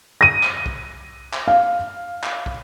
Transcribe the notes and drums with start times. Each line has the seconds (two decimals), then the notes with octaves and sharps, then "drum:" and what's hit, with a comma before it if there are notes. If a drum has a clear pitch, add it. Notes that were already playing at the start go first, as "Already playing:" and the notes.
0.21 A#6 D#7
0.43 drum: clap
0.66 drum: kick
1.33 drum: clap
1.48 F5
2.24 drum: clap
2.46 drum: kick